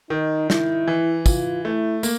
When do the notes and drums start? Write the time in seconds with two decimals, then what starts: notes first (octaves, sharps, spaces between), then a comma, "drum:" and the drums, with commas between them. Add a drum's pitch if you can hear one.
0.10 D#3 D#4
0.50 E4, drum: snare
0.87 E3
1.26 F4, drum: kick, tambourine
1.64 A3 E4
2.03 A#3, drum: tambourine